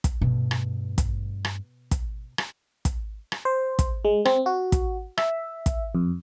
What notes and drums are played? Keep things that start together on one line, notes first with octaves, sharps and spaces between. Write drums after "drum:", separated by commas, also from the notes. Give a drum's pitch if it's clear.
drum: kick, hi-hat
G2 B2 A3
drum: rim click
drum: kick, hi-hat
drum: rim click
drum: kick, hi-hat
drum: rim click
drum: kick, hi-hat
drum: rim click
C5
drum: kick, hi-hat
G#3
C4, drum: rim click
F#4
drum: kick, hi-hat
E5, drum: rim click
drum: kick, hi-hat
F2